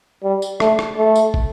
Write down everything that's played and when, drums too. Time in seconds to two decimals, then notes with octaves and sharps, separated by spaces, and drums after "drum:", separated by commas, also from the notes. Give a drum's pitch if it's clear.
0.23 G3
0.42 drum: tambourine
0.60 A3, drum: rim click
0.79 drum: rim click
0.98 A3
1.16 drum: tambourine
1.34 drum: kick